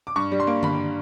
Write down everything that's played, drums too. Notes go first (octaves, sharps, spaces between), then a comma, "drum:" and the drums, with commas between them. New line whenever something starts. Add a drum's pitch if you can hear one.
D6
G2 C#6
G3
C6
A#3
G2 B5, drum: tom D3